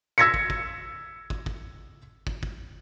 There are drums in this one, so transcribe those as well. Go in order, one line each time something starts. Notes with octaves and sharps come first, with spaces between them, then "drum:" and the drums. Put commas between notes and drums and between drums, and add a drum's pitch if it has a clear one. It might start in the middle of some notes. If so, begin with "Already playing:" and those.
E6 G#6 A#6 B6 C#7
drum: kick
drum: kick
drum: kick
drum: kick
drum: kick
drum: kick